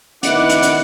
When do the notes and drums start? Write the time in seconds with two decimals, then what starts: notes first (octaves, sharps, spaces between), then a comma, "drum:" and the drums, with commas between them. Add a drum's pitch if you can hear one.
0.23 D#3 B3 E4 F#5 D6 F#6, drum: hi-hat
0.49 drum: hi-hat
0.62 drum: hi-hat